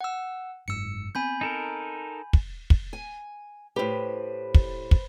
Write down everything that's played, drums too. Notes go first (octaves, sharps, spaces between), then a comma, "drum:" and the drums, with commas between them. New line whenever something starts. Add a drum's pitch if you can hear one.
F#5 E6
F#1 G#2 E6 C#7
B3 C4 G#5 B5 G6
D#4 A4 A#4
drum: kick
drum: kick
G#5
A2 G4 B4 C5
drum: kick
drum: kick